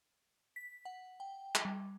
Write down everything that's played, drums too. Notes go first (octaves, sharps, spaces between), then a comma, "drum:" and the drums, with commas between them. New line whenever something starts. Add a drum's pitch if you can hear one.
B6
F#5
G5
drum: clap
G3